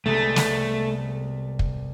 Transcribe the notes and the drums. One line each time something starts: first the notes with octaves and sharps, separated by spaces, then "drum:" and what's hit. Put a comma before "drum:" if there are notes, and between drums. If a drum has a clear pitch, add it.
C2 C3 G#3 A3 B3
drum: snare
drum: kick